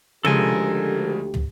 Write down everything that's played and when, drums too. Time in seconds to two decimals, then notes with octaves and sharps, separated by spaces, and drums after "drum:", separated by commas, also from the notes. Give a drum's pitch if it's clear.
0.25 D2 C#3 F3 G#3 G4 A4 A#4 G#5, drum: tom
1.34 drum: tom